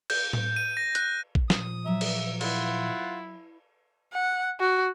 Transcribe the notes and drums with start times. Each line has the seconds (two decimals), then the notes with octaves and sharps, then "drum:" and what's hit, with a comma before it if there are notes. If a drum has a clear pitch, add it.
0.10 G6, drum: cymbal
0.33 drum: tom A2
0.56 D#7
0.77 A#6
0.95 F#6, drum: hi-hat
1.35 drum: kick A#1
1.50 A#2 F3 D#6, drum: snare
1.86 F#3 E5 A#5
2.01 drum: cymbal
2.41 E4 F4 F#5, drum: cymbal
4.13 F#5
4.60 F#4